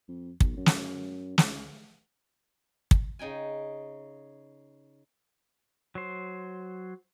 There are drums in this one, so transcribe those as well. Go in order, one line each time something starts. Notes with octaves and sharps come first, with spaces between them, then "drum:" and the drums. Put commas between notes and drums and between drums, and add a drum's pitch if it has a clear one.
F2
B1, drum: kick
F#2
drum: snare
C#2, drum: snare
drum: kick
C#3 D#4 G5 G#5
F#3 C5